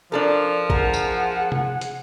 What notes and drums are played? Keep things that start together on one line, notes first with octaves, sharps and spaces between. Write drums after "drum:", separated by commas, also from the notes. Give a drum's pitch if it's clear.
F3 D4 A4 A#4
G#4 A#4 F#5, drum: kick
drum: tambourine
drum: tom C3
drum: hi-hat